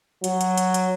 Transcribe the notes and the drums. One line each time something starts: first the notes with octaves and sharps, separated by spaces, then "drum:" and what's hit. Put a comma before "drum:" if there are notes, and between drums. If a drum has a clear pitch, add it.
F#3, drum: hi-hat
drum: hi-hat
drum: hi-hat
drum: hi-hat